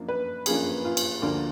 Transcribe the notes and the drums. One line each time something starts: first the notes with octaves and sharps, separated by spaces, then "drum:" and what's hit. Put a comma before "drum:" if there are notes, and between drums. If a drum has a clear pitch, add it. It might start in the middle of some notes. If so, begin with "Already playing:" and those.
Already playing: F#2 F3 A#3 D4
B4
F#2 F3 A#3 D4 G#4, drum: cymbal
F4
drum: cymbal
D2 D3 F3 A#3 D4 F4